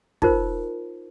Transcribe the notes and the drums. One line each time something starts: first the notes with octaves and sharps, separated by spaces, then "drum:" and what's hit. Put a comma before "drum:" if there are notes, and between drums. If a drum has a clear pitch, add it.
D#4 F4 A#4 C5, drum: kick